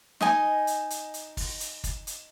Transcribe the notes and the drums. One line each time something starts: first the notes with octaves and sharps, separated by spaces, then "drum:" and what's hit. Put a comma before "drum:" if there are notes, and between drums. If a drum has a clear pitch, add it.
D#4 D#5 G#5, drum: snare
drum: hi-hat
drum: hi-hat
drum: hi-hat
drum: kick, open hi-hat
drum: hi-hat
drum: kick, hi-hat
drum: hi-hat